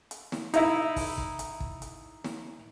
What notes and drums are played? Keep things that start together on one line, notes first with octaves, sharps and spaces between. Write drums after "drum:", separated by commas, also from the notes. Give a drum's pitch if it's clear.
drum: hi-hat
drum: snare
D#4 E4, drum: hi-hat
drum: kick, open hi-hat
drum: kick
drum: hi-hat
drum: kick
drum: hi-hat
drum: snare